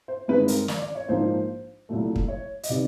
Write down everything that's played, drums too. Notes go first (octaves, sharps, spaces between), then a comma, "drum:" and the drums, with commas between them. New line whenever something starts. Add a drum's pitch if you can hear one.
C5
G2 D#3 G#3 C4 B4
A#4, drum: hi-hat
D5, drum: snare
D5
C#5
A#1 G#2 F3 A#3 D4 C5
C2 A#2 F#3 A3
drum: kick
C#5
D#5, drum: hi-hat
C3 D#3 G3 B3 D5